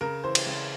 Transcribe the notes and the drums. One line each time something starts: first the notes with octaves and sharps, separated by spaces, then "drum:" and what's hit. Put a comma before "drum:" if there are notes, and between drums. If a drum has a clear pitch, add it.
C#3 A#4
E3 C5
drum: cymbal
C#3